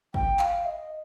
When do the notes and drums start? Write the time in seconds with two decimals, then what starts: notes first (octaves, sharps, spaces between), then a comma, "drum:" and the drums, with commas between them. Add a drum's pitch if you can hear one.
0.14 G5, drum: kick
0.39 F5, drum: clap
0.66 D#5